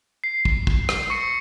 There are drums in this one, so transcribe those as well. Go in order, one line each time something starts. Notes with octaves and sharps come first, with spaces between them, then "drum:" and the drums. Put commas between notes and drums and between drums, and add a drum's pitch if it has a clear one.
C7
drum: kick
drum: kick
drum: rim click
C#6 C#7